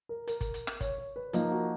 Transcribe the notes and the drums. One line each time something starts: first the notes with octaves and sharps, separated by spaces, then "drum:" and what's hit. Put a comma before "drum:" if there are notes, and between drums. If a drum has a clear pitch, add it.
A#4
A#4, drum: hi-hat
drum: kick, hi-hat
drum: hi-hat
drum: rim click
C#5, drum: kick, hi-hat
C#5
B4
F3 A#3 D#4 A#4, drum: hi-hat
F#4